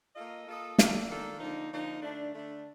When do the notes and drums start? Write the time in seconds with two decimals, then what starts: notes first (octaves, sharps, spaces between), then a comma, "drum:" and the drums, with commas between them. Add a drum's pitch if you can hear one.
0.16 A#3 F4 A4 D#5
0.46 A#3 F4 A4 D#5
0.78 D#3 A#3 D4 F4 A4, drum: snare
1.09 D#3 A#3 D4 F4 A4
1.40 D3 F3 A#3 D#4
1.72 D3 F3 A#3 D#4
2.02 D3 A3 D4
2.33 D3 A3 D4